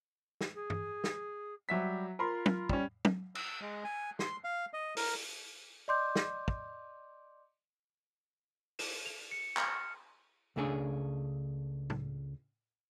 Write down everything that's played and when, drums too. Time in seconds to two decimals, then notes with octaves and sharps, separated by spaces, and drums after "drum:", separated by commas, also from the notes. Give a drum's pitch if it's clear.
0.41 drum: snare
0.55 G#4
0.70 drum: tom
1.04 drum: snare
1.69 F#3 G3 E5 B6
2.19 F4 A#4 B5 C6
2.46 drum: tom
2.69 G3 C#4, drum: kick
3.05 drum: tom
3.35 E6, drum: cymbal
3.62 G#3
3.84 G#5
4.19 C6, drum: snare
4.44 F5
4.73 D#5
4.97 A#4, drum: open hi-hat
5.88 D5 D#5 C6 D6 G6
6.16 drum: snare
6.48 drum: kick
8.79 E7, drum: open hi-hat
9.06 F7
9.31 C#7
9.57 F6, drum: clap
10.56 C#2 C#3 A3 D4 G#4 C#5
11.90 drum: tom A2